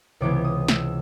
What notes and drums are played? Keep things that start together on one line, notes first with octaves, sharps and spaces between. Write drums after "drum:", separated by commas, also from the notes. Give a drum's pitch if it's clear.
C#2 C3 E3 G#3 B3 D6
D#6
E6, drum: snare